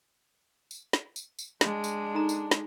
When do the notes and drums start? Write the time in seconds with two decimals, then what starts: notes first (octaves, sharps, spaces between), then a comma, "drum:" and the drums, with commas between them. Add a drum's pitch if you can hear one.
0.71 drum: tambourine
0.93 drum: snare
1.16 drum: tambourine
1.39 drum: tambourine
1.61 G#3 D4 D#5, drum: snare
1.84 drum: tambourine
2.15 D#4 A4 A#5
2.29 drum: tambourine
2.51 drum: snare